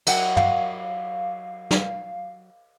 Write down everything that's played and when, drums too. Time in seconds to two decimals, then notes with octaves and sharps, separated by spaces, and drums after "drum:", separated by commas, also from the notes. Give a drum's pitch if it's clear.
0.07 F#3 F#5 G5, drum: cymbal
0.37 F5, drum: tom
1.71 drum: snare